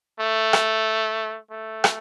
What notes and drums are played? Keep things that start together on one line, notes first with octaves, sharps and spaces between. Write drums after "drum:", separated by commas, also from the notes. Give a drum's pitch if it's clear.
A3
drum: rim click
A3
drum: rim click